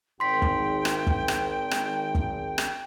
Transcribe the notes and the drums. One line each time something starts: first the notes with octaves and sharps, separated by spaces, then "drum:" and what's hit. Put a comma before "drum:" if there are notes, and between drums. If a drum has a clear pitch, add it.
G#1 G5 C6 B6
drum: kick
drum: rim click
drum: kick
drum: rim click
drum: rim click
drum: kick
drum: rim click